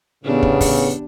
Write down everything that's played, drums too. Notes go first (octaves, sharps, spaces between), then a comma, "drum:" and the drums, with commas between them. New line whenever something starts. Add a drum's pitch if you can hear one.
E2 A2 C#3 B3 D4 G4
drum: kick
drum: kick, open hi-hat